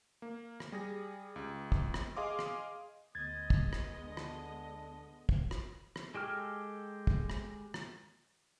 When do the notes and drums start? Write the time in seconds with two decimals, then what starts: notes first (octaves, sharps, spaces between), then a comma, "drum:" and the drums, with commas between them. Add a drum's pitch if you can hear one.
0.22 A#3
0.60 drum: rim click
0.72 G3 G#4 A#6
1.36 C#2
1.72 drum: kick
1.94 drum: rim click
2.16 G#4 D#5 F5 C6 D6
2.39 drum: rim click
3.15 D2 G#3 B3 D#5 G#6 A6
3.50 drum: kick
3.73 drum: rim click
4.06 D3
4.17 drum: rim click
5.29 drum: kick
5.51 drum: rim click
5.96 drum: rim click
6.15 G#3 G4 A4 F6
7.07 drum: kick
7.30 drum: rim click
7.74 drum: rim click